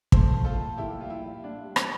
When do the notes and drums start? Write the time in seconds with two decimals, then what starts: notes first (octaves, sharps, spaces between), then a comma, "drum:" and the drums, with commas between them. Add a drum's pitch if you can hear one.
0.12 A3 A4 C5, drum: kick
0.34 F3
0.45 F4 A4
0.56 A2
0.77 A#2 E4 G4
1.00 G3 F4
1.10 E4
1.21 G3
1.44 A2 D4
1.64 G3
1.76 drum: rim click